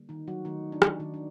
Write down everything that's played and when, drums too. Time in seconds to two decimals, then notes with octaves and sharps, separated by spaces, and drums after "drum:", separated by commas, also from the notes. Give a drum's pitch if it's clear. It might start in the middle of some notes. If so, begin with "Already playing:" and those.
Already playing: D3 G3 A#3
0.09 D#3 D#4
0.28 F#3 F#4
0.45 D#3 A3 D#4
0.72 D4
0.82 drum: rim click
1.00 D#3 D#4
1.14 D4